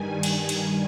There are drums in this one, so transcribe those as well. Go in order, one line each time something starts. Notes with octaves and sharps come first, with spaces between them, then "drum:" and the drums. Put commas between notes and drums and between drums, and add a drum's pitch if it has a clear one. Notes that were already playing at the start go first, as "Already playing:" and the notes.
Already playing: G2 D#3 G3 G#5
drum: cymbal
drum: cymbal